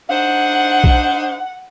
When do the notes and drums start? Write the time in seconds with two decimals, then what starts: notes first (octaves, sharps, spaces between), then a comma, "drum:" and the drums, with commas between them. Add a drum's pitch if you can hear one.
0.10 D4 D#4 C5 F#5
0.84 drum: kick